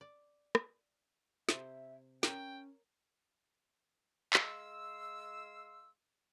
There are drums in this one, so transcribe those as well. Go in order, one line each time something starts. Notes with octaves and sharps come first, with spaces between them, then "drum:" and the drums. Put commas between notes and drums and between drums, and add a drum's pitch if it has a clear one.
D5
drum: rim click
C3 C5 E5, drum: snare
C#4 A#4 C#5 G5, drum: snare
G#3 F5 C6 E6, drum: clap